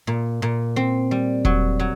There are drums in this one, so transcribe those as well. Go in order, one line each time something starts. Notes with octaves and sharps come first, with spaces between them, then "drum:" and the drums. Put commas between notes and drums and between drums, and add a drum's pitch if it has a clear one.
A#2
A#2
C4
G3
F#3, drum: kick E1
F#3